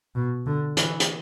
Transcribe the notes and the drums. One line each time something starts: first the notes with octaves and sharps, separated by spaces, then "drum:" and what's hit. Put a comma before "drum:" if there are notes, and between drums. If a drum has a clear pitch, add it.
B2
D3
E3, drum: hi-hat
drum: hi-hat